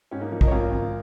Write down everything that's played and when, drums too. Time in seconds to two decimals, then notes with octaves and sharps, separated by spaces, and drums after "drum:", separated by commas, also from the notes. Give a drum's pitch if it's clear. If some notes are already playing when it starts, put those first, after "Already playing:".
0.11 G#2 C#4
0.21 A#3 D#4
0.31 F3 A#3 D#4
0.41 A#4 D#5, drum: kick
0.48 C#5
0.51 G#1 F4 A#4
0.71 G#1